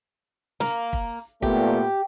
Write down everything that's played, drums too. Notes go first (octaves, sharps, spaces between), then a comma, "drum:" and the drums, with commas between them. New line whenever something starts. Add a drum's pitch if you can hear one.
A#3, drum: snare
drum: kick
A#2 A3 B3 G4, drum: kick